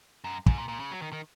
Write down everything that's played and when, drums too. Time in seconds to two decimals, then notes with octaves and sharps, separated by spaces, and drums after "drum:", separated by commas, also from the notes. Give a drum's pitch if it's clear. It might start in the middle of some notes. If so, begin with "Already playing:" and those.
0.24 F#2
0.46 G#2, drum: kick
0.58 A#2
0.68 A#2
0.80 C#3
0.91 F#3
1.02 D#3
1.13 D#3